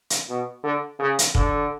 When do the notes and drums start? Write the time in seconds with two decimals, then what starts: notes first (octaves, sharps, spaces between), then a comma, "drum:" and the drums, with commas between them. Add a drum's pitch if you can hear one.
0.10 drum: hi-hat
0.30 B2
0.64 D3
0.99 C#3
1.19 drum: hi-hat
1.35 D3, drum: kick